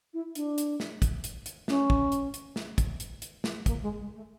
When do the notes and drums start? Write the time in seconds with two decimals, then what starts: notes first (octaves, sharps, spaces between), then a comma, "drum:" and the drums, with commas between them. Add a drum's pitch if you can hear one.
0.13 E4
0.35 D4, drum: hi-hat
0.58 drum: hi-hat
0.80 drum: snare
1.02 drum: kick, hi-hat
1.24 drum: hi-hat
1.46 drum: hi-hat
1.68 C#4, drum: snare
1.90 drum: kick
2.12 drum: hi-hat
2.34 drum: hi-hat
2.56 drum: snare
2.78 drum: kick, hi-hat
3.00 drum: hi-hat
3.22 drum: hi-hat
3.44 drum: snare
3.66 A#3, drum: kick, hi-hat
3.82 G#3
3.99 G#3
4.15 A3